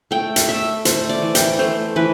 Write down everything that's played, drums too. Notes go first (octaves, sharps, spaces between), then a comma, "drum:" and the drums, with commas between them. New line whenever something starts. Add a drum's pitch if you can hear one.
A3 G5
drum: hi-hat
A3 E5
A3 C5, drum: hi-hat
D5
E3
G5, drum: hi-hat
A3 C5
E3 B4